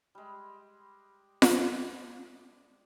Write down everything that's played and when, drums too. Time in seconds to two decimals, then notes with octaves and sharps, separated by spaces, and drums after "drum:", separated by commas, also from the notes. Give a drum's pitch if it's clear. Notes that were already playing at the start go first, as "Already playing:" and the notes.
0.15 G3 G#3
1.42 drum: snare F4